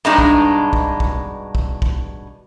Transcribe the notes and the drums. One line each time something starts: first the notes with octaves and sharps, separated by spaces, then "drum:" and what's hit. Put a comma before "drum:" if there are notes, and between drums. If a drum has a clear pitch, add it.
G2 B2 G#3 D4 D#4
drum: kick
drum: kick
drum: kick
drum: kick
drum: kick